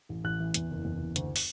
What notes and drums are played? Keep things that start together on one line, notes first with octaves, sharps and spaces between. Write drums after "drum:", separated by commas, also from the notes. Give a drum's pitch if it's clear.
A1
A1 F#6
E3
E2, drum: hi-hat
F#1
E2
F#1
D2, drum: hi-hat
drum: open hi-hat